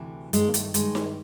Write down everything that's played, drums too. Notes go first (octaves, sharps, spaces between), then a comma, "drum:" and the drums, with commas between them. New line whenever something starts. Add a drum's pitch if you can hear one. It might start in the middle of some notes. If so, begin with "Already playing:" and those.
Already playing: D2 C3 E3
G2 D#3 G#3, drum: hi-hat
A#3
A3, drum: hi-hat
G2 D#3 G#3, drum: hi-hat
drum: snare D#4